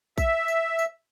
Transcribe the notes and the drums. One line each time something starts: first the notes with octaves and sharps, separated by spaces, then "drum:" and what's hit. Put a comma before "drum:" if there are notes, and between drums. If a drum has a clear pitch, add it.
E5, drum: kick A#1, tambourine
drum: tambourine
drum: tambourine